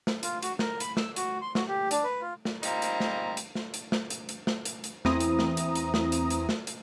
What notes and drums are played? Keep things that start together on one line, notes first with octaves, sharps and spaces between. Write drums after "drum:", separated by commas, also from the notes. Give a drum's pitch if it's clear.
drum: snare
F4, drum: hi-hat
F#4, drum: hi-hat
A#4, drum: snare
B5, drum: hi-hat
E6, drum: snare
F#4, drum: hi-hat
C6
F#4, drum: snare
G4
D4, drum: hi-hat
B4
F4
drum: snare
G3 A#3 C4 D#4 F4 A#5, drum: hi-hat
drum: hi-hat
drum: snare
drum: hi-hat
drum: snare
drum: hi-hat
drum: snare
drum: hi-hat
drum: hi-hat
drum: snare
drum: hi-hat
drum: hi-hat
E2 E3 C4 E4 A#5 D#6, drum: snare
drum: hi-hat
drum: snare
drum: hi-hat
drum: hi-hat
drum: snare
drum: hi-hat
drum: hi-hat
drum: snare
drum: hi-hat